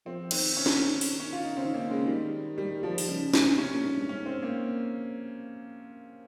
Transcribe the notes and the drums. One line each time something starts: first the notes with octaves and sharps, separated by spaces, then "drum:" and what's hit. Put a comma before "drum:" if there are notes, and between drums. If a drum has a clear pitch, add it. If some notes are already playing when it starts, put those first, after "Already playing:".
F3 C4
D#3 C4, drum: cymbal
C#4
drum: snare
drum: open hi-hat
C#4
F4
D#4
C#3 C4
D#3
C#3 A#3
D#3
C#3 G#3
D#3 G3
G3
F3
D#3, drum: open hi-hat
C#3 G3
C#3, drum: snare
C3 C#4
A#2
G#2
G2
G#2 C#4
C4
A#3